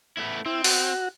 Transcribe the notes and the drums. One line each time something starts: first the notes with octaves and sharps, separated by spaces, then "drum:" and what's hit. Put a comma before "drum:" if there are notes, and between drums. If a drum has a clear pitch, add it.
A3 B3 E4
C4 E4
F#4, drum: open hi-hat